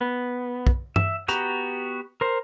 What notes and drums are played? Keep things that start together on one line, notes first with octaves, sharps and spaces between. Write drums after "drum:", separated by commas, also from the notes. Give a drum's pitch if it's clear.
B3
drum: kick
E5, drum: tom G2
B3 F#4 G4 A#5, drum: hi-hat
A#4 C5